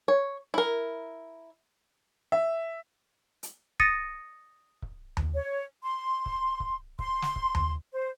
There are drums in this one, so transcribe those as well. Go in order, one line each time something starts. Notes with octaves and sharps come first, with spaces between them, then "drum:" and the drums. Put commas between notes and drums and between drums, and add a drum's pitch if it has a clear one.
C#5
E4 A#4
E5
drum: hi-hat
D#6 A6 A#6 C#7 D#7, drum: kick C#1
drum: kick C#1
drum: tom D#2
C#5
C6
drum: kick C#1
drum: kick C#1
C6, drum: kick C#1
drum: snare
drum: kick C#1
drum: tom D#2
C5